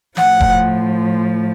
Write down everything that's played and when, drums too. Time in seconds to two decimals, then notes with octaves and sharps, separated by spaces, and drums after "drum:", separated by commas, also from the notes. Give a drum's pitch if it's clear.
0.17 A2 F3 F#5, drum: snare
0.40 drum: kick E1